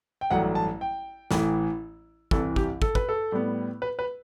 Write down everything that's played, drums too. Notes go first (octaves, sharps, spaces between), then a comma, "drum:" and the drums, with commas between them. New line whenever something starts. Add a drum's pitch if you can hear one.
G5
A1 G2 F#3 A3 F#5
A5
G5
A1 A2 E3, drum: snare
C2 C3 E3 A4, drum: kick
G4, drum: kick
A4, drum: kick
B4, drum: kick
A4
A2 G3 B3
B4
B4